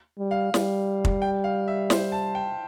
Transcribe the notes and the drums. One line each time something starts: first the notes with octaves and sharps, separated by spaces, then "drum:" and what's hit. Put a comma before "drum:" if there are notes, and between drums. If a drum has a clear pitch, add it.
G3
F5
G3, drum: snare
drum: kick
G5
F5
E5
C5, drum: snare
A5
G5